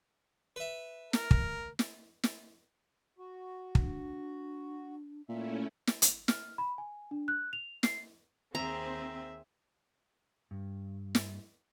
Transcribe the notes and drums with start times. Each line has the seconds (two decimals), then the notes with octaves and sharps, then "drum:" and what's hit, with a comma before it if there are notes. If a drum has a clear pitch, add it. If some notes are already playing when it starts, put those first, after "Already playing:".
0.56 B4 E5
1.13 A#4, drum: snare
1.31 drum: kick
1.79 drum: snare
2.23 drum: snare
3.18 F#4
3.75 D4, drum: kick
5.29 A#2 A3 C#4 E4 E5
5.87 drum: snare
6.02 drum: hi-hat
6.28 F6, drum: snare
6.58 B5
6.78 G#5
7.11 D4
7.28 F#6
7.53 F7
7.83 C7, drum: snare
8.55 D#2 C4 G#4 E5 A#5
10.51 G2
11.15 drum: snare